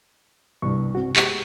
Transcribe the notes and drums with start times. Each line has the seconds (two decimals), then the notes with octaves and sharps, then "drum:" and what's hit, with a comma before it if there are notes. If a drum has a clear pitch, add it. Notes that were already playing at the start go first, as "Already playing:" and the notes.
0.62 C2 G2 C3 C#6
0.95 C4 F#4
1.16 G#3 G4 F#5 C#6, drum: clap